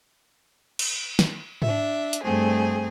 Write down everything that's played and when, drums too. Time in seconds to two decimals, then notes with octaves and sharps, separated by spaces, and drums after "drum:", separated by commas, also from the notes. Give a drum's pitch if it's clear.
0.79 drum: cymbal
1.19 drum: snare
1.62 D4 E5, drum: tom G#2
2.13 drum: hi-hat
2.23 G2 A3 C4 G#4